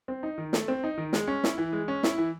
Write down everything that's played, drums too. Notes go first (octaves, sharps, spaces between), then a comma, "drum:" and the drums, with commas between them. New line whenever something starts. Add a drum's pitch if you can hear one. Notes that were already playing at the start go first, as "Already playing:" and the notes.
C4
D#4
D#3
A3, drum: snare
C4
D#4
D#3
G#3, drum: snare
C#4
E4, drum: snare
E3
G#3
C#4
E4, drum: snare
E3